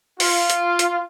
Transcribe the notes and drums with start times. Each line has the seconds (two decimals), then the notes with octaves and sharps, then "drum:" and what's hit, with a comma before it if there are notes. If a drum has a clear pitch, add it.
0.20 F4, drum: open hi-hat
0.50 drum: hi-hat
0.79 drum: hi-hat